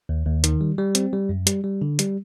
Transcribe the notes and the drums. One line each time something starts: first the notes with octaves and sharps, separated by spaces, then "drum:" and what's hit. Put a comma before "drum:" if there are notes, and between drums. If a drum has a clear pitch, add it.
D#2
D#2
D#3, drum: hi-hat
G3
G3
C4, drum: hi-hat
G3
F#2
G3, drum: hi-hat
G3
D3
G3, drum: hi-hat